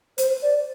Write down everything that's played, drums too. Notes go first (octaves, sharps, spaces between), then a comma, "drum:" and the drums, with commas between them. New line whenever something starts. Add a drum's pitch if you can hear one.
C5, drum: hi-hat
D5